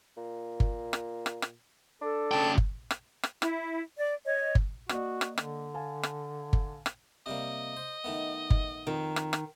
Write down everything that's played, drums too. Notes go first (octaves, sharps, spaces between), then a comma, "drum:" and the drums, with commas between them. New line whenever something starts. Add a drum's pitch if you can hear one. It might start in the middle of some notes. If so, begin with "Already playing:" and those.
A#2
drum: kick G1
drum: rim click
drum: rim click
drum: rim click
D4 A4
C#3 G5 A5
drum: kick G1
drum: rim click
drum: rim click
E4, drum: rim click
D5
C#5 D#5
drum: kick G1
A#3 F#4 D5 D#5, drum: rim click
drum: rim click
D3, drum: rim click
F5 G#5 A5
drum: rim click
drum: kick G1
drum: rim click
C3 G3 A#3 D#5
C5
D#3 A3 B3
drum: kick G1
F2 D#3
drum: rim click
drum: rim click